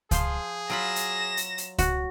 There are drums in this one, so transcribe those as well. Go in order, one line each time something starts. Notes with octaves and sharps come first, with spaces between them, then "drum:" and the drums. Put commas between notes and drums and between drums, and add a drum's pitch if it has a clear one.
F3 G#4 C5 C6, drum: kick C#2, hi-hat
F#3 F4 B5 A#6 E7
drum: hi-hat
drum: hi-hat
drum: hi-hat
F#4, drum: kick C#2, hi-hat